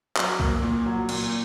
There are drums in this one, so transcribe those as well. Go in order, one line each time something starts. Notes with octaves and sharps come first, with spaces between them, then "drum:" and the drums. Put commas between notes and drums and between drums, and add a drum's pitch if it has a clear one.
F#3, drum: clap
A#3, drum: kick B1
A#2
F#3
A#2, drum: cymbal